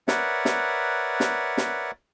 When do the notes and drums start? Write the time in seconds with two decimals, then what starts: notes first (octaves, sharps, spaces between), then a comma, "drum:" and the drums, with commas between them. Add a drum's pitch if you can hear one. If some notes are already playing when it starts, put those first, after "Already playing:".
0.08 A#4 B4 C#5 D5 E5 F#5, drum: snare
0.45 drum: snare
1.20 drum: snare
1.57 drum: snare